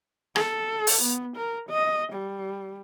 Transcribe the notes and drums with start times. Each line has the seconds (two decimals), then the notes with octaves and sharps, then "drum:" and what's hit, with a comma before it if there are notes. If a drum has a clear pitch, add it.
0.36 A4, drum: rim click
0.87 drum: open hi-hat
1.02 B3
1.37 A#4
1.69 D#5
2.13 G3